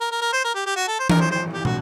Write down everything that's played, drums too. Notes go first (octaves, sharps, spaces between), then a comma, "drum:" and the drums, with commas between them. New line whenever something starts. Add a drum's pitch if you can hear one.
A#4
A#4
A#4
C5
A#4
G4
G4
F#4
A4
C5
A#4, drum: tom E3
C5
C5
G4
F#4, drum: tom